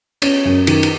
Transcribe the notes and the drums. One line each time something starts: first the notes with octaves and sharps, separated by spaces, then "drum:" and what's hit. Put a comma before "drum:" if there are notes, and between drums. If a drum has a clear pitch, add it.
C#4, drum: cymbal
F#2
D#3, drum: cymbal
drum: cymbal